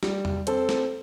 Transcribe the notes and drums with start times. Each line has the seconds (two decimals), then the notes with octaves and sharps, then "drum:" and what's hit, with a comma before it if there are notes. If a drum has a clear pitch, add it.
0.03 G3, drum: snare
0.25 drum: tom E2
0.47 C4 A4 C5, drum: hi-hat
0.69 drum: snare